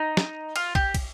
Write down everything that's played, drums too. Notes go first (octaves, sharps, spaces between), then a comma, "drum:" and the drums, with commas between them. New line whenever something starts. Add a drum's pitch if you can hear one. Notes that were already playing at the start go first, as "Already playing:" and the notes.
Already playing: D#4
drum: snare
F4, drum: cymbal
G4, drum: kick
drum: kick, cymbal